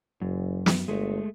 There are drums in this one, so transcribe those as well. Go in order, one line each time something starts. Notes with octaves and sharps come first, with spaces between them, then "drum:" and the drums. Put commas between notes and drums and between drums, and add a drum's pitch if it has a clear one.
F#1 F#2
drum: snare
G1 G#3 A3